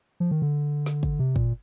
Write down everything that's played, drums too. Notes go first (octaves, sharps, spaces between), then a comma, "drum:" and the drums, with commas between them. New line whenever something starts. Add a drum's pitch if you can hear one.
F3
D#3
D3
drum: snare
drum: kick
C3
A#2, drum: kick